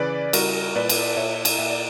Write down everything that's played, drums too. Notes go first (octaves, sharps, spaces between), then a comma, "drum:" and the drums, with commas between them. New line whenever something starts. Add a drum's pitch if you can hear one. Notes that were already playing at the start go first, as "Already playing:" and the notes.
Already playing: C#3 E3 B4 D5
G3 F#4 A#4, drum: cymbal
A#2 B4 D5
drum: cymbal
A#2 C#5 E5
drum: cymbal
A#2 E5
D5